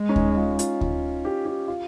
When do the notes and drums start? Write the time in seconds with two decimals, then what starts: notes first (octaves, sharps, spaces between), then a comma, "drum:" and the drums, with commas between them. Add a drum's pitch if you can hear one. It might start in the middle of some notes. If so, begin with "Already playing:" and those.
Already playing: G#3
0.09 C#4
0.16 D#4, drum: kick D2
0.37 F4
0.59 F4, drum: hi-hat
0.81 F4, drum: kick D2
1.25 G4
1.45 G4
1.68 F4